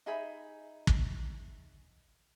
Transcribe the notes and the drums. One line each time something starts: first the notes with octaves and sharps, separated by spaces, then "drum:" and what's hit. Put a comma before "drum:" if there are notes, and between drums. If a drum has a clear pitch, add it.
D#4 G#4 E5 B5
drum: kick